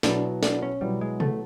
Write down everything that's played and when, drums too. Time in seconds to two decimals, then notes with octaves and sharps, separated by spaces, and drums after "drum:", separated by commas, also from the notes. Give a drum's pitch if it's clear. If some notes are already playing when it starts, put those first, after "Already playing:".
0.03 B2 F#3 B3 D4 E4, drum: snare
0.43 D4, drum: snare
0.62 C#4
0.81 B2 F#3 G3 B3 E4
1.01 G#3
1.20 A3, drum: tom